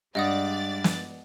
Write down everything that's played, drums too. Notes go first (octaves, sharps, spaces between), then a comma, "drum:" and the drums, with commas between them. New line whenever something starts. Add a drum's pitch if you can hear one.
G2 G#3 D5 D#5 F#5 D#6 A6
drum: snare